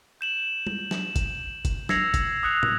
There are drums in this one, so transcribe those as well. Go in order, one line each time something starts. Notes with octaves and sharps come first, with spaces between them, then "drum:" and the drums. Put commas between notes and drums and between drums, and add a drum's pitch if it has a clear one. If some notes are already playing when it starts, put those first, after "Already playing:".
G6 E7 F#7
drum: tom G3
drum: snare
drum: kick, hi-hat
drum: kick, hi-hat
E6 G#6 A#6 C7 C#7 F7, drum: snare
drum: kick, hi-hat
D#6 E6 F#6 C7 C#7 F7
drum: tom